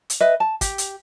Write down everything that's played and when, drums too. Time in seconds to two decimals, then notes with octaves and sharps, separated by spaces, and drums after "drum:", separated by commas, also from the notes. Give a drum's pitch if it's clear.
0.10 drum: hi-hat
0.20 B4 D#5 E5
0.40 A5
0.61 G4, drum: kick, hi-hat
0.78 drum: hi-hat